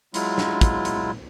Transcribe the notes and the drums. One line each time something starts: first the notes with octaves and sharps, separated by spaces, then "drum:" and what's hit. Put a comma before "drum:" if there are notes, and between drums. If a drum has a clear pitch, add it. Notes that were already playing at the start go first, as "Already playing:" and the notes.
F#3 G#3 E4 F4, drum: hi-hat
drum: snare
drum: kick, hi-hat
drum: hi-hat